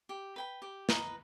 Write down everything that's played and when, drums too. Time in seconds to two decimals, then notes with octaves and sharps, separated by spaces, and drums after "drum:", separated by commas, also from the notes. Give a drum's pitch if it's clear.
0.09 G4
0.36 B4 G5 B5
0.62 G4
0.89 B4 D#5 A#5, drum: snare